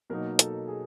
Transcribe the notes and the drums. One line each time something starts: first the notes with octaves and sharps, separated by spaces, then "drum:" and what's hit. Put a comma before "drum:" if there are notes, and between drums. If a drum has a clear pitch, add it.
B2 F#3 A#3 D#4 A#4
A4, drum: hi-hat
G#4